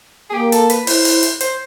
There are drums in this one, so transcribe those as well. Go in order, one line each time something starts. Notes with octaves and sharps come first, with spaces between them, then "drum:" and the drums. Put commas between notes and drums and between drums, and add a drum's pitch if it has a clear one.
G#4
A#3 G4
A4, drum: hi-hat
B4, drum: hi-hat
E4 C5, drum: open hi-hat
drum: open hi-hat
drum: hi-hat
C5, drum: hi-hat